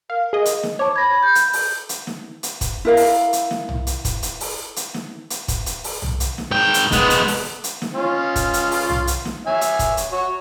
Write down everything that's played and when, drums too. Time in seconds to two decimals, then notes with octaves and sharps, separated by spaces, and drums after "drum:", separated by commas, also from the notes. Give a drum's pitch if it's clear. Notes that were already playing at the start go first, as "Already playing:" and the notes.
0.10 A#4 F5
0.33 G#4 D#5
0.45 drum: hi-hat
0.63 drum: snare
0.79 C5 C#5 A5 D6
0.96 B5 G#6 A#6
1.23 G6
1.35 drum: hi-hat
1.53 drum: open hi-hat
1.89 drum: hi-hat
2.07 drum: snare
2.43 drum: hi-hat
2.61 drum: kick, hi-hat
2.85 E4 A#4 F5
2.97 drum: open hi-hat
3.33 drum: hi-hat
3.51 drum: snare
3.69 drum: tom
3.87 drum: hi-hat
4.05 drum: kick, hi-hat
4.23 drum: hi-hat
4.41 drum: open hi-hat
4.76 drum: hi-hat
4.94 drum: snare
5.30 drum: hi-hat
5.48 drum: kick, hi-hat
5.66 drum: hi-hat
5.84 drum: open hi-hat
6.02 drum: tom
6.20 drum: hi-hat
6.38 drum: snare
6.51 G#2 G5
6.74 drum: hi-hat
6.92 G#3 B3, drum: kick, hi-hat
7.10 drum: hi-hat
7.28 drum: open hi-hat
7.64 drum: hi-hat
7.82 drum: snare
7.95 C#4 F4
8.36 drum: kick, hi-hat
8.54 drum: hi-hat
8.71 drum: open hi-hat
8.89 drum: tom
9.07 drum: hi-hat
9.25 drum: snare
9.47 C#5 E5 G#5
9.61 drum: hi-hat
9.79 drum: kick, hi-hat
9.97 drum: hi-hat
10.12 F#4 C#5